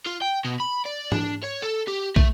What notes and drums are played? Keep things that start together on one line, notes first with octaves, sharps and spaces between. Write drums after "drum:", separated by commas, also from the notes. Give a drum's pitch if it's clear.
F4
G5
B2
B5
D5
D4, drum: tom G#2
C#5
A4
G4
A3, drum: kick